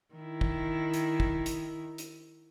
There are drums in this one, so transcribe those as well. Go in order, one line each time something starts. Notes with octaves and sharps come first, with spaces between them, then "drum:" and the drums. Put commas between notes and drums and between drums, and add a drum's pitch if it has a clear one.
D#3 E4
drum: kick
drum: hi-hat
drum: kick
drum: hi-hat
drum: hi-hat